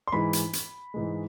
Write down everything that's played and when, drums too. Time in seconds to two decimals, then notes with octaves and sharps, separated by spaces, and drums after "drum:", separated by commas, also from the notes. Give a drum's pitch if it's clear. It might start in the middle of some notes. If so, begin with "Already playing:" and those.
0.07 C6
0.12 G#2 E3 G#3 B5
0.33 drum: hi-hat
0.53 drum: hi-hat
0.94 G#2 E3 G#3